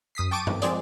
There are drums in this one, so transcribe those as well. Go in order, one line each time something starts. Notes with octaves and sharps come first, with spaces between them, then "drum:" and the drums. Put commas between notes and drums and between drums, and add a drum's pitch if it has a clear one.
F#2 D#6 B6 C7
G5 A5 C#6 D6 D7 D#7
drum: tom G2
F3 G#3 C4 G#4 D5, drum: hi-hat